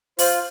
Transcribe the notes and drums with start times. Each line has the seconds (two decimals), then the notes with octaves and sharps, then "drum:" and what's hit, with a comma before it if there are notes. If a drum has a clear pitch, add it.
0.19 F4 C5, drum: open hi-hat